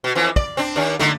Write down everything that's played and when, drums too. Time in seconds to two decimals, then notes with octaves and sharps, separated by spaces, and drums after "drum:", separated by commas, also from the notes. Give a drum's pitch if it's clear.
0.04 B2
0.15 F2 E3 F3
0.36 D5, drum: kick
0.57 C4 D4
0.76 D#2 D4
0.99 D3 A3 D#4, drum: snare